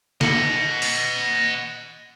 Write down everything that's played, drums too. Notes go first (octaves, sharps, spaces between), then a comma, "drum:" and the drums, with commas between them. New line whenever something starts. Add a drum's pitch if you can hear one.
D#5 F#5, drum: snare
drum: open hi-hat